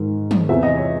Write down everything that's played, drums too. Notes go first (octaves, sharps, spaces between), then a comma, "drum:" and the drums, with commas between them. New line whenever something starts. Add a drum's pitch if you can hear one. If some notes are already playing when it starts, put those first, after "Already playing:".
Already playing: G#2 D#3
drum: tom
E2 C3 E3 E5
D#5
C#5